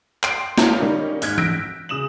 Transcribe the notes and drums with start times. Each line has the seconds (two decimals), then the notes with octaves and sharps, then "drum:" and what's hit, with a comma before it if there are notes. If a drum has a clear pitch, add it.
0.23 G5 C6 C7 D7, drum: clap
0.58 C#4 E4 F4 A5 A#5 G6, drum: snare
0.80 D#3 G3 A#3 C#4 D#4
1.22 G#2 F6 F#6 G#6 B6, drum: open hi-hat
1.38 E6 G6 A#6 B6 D7, drum: tom E3
1.89 C#3 D#6 E7 F#7